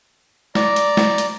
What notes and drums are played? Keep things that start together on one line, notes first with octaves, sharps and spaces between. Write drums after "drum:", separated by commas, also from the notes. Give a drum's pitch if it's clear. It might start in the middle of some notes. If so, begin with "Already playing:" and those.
D5 A#5, drum: snare
drum: hi-hat
drum: snare
drum: hi-hat